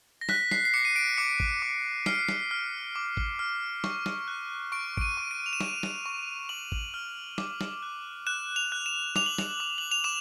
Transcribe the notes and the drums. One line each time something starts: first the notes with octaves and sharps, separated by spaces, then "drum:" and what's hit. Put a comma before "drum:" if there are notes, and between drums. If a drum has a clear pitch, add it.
A#6
F#6 B6, drum: snare
C7, drum: snare
C7
D6 C#7
D#7
D7
D6 C#7
drum: kick
D6
F6 C7, drum: snare
drum: snare
F6
D6
drum: kick
F6
C#6, drum: snare
drum: snare
F#6
C#6 D7
D7, drum: kick
D#7
C#6
D7
F7
E7
C#6 D#7, drum: snare
drum: snare
C#6
C#6 F#7
drum: kick
F6
D6, drum: snare
drum: snare
F#6
F#6 E7
F7
F#6
E7
D6 F7, drum: snare
F#7
F7, drum: snare
D6
F#7
F7
D6 E7